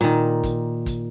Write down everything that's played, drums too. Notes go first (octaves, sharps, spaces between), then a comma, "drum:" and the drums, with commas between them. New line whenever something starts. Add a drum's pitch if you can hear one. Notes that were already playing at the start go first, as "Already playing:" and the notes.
A#2 D#3
drum: kick, hi-hat
drum: kick, hi-hat